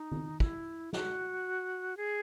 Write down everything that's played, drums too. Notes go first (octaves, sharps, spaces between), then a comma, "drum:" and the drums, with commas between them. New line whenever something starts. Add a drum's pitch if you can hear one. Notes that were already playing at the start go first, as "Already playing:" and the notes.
Already playing: D#4
drum: tom
E4, drum: kick
F#4, drum: snare
G#4